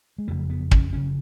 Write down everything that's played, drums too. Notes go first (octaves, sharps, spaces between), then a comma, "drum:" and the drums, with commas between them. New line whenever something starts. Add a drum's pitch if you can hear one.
G#3
F#1 F2 C#3 A3
B3
C#4, drum: kick
F#1 F2 C#3 C#4